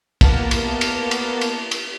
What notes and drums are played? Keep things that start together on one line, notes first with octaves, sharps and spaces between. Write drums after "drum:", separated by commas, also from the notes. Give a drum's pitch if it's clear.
A#3 B3 A#4 A5, drum: kick, cymbal
drum: cymbal
drum: cymbal
drum: cymbal
drum: cymbal
drum: cymbal